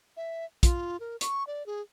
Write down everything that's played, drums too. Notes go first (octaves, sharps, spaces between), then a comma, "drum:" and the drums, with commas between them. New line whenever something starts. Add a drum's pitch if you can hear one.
E5
F4, drum: kick, hi-hat
A#4
C#6, drum: hi-hat
D5
G#4